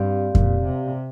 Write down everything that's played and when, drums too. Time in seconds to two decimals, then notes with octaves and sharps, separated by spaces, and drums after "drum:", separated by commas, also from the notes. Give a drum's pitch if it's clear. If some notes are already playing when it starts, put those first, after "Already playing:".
Already playing: G2 C4 G4 D5 F5
0.35 A#2, drum: kick F2
0.65 C3